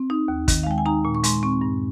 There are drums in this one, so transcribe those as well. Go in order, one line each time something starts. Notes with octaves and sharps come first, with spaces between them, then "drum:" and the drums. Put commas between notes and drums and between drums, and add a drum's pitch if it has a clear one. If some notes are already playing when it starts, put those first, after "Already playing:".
Already playing: C4
D#4
D#2
D#3, drum: kick, hi-hat
F5
G#3 G5
G#5
D#4 A#5
A#2
C#6
G#3 C6, drum: hi-hat
C4 C#6
G2